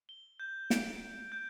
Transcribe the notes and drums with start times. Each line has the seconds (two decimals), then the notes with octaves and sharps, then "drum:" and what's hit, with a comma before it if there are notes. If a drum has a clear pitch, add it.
0.09 G7
0.40 G6
0.70 D7, drum: snare
1.01 D7
1.32 G6